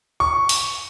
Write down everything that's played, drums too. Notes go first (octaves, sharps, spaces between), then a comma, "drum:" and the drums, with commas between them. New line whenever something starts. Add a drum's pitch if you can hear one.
C#6
drum: open hi-hat